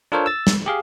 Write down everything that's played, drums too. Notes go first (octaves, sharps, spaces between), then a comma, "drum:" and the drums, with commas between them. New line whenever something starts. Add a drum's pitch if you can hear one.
D4 F4 A4 A#4 C5 C#5
E6 A6
drum: snare
G4 G#4 F5